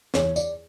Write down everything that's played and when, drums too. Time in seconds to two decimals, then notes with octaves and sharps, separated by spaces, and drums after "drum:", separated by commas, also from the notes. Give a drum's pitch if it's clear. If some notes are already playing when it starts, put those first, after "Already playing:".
0.14 E2 C#5, drum: snare
0.36 D5, drum: tambourine